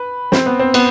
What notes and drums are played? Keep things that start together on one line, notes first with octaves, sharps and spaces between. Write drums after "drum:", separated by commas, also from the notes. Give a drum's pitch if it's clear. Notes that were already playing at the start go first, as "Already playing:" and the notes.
Already playing: B4
C4, drum: snare
B3
C4
B3, drum: cymbal